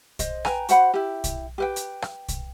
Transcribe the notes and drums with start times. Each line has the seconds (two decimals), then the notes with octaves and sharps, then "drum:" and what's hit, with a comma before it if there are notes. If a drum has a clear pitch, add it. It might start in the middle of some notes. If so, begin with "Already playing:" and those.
0.19 C5 D#5, drum: kick, hi-hat
0.45 B4 G5 G#5 A#5, drum: rim click
0.69 F#4 C5 F#5 B5, drum: hi-hat
0.94 E4 G4
1.24 drum: kick, hi-hat
1.58 G4 B4 G5
1.76 drum: hi-hat
2.02 drum: rim click
2.29 drum: kick, hi-hat